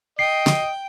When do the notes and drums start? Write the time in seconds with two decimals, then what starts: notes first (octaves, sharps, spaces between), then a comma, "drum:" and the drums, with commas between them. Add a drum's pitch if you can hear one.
0.19 D#5 G5 C7
0.47 drum: snare